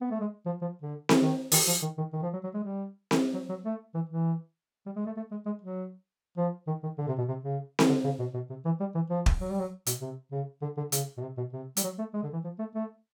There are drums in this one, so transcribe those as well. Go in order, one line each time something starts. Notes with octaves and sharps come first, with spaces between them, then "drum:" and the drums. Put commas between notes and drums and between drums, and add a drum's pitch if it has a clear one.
B3
A3
G#3
F3
F3
D3
drum: snare C4
D#3
D#3, drum: open hi-hat
F3
D#3
D#3
D#3
F3
F#3
F#3
G#3
G3
drum: snare C4
F#3
F#3
A3
E3
E3
G3
G#3
A3
A3
G#3
G#3
F#3
F3
D#3
D#3
D3
C3
B2
C3
C#3
drum: snare C4
D3
C#3
B2
B2
C3
E3
G3
E3
F3
drum: kick
F#3
G3
F#3
B2, drum: hi-hat
C3
C#3
D3
D3
C#3, drum: hi-hat
B2
C3
B2
C3
G3, drum: hi-hat
F#3
A3
G#3
D3
E3
F3
A3
A3